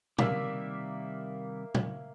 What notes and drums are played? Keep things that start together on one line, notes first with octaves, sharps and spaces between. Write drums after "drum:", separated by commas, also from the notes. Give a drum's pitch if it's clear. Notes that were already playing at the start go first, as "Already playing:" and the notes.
C3 D#3 G3 A#3 E5, drum: tom A#2
drum: tom A#2